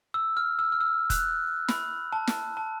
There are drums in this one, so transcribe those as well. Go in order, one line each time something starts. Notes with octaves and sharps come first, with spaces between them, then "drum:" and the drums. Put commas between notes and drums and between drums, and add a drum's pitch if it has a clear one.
E6
F6
E6
F6
E6
F#6, drum: kick, hi-hat
B5, drum: snare
A5
drum: snare
A5